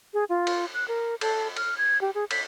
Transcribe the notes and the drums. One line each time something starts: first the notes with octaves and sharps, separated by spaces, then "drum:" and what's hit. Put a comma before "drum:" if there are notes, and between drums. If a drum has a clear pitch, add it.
G#4
F4
drum: cymbal
F#6
A#4
A4, drum: cymbal
F6, drum: cymbal
G#6
G4
G#4
B6, drum: cymbal